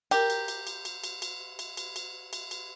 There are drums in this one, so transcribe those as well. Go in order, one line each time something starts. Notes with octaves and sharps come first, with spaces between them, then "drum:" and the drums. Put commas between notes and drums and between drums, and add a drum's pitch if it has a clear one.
G4 A#4, drum: cymbal
drum: cymbal
drum: cymbal
drum: cymbal
drum: cymbal
drum: cymbal
drum: cymbal
drum: cymbal
drum: cymbal
drum: cymbal
drum: cymbal
drum: cymbal